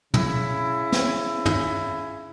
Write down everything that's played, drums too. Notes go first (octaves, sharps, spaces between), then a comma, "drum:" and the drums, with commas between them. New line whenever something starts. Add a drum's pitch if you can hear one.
C#3 E4, drum: tom
drum: snare
drum: tom